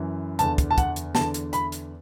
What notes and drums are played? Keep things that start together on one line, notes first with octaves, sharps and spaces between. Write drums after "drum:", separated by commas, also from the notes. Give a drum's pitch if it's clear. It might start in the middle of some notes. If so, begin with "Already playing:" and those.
Already playing: F#2 E3
E2 D3 A5, drum: hi-hat
drum: kick, hi-hat
A5
F#5, drum: kick, hi-hat
drum: hi-hat
E2 D3 A5, drum: snare
drum: hi-hat
B5, drum: hi-hat
drum: hi-hat